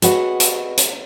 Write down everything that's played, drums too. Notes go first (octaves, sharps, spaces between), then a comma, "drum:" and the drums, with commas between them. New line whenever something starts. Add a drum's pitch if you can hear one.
F#4 G#4 B4 D#5 F#5, drum: hi-hat
drum: hi-hat
drum: hi-hat